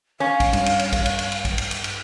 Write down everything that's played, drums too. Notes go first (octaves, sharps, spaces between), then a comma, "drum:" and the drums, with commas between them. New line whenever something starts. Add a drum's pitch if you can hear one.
C#4 F5
drum: kick A#1, cymbal
G2, drum: cymbal
drum: cymbal
drum: cymbal
drum: kick A#1, cymbal
drum: cymbal
drum: cymbal
drum: cymbal
drum: kick A#1, cymbal
drum: cymbal
drum: cymbal
drum: cymbal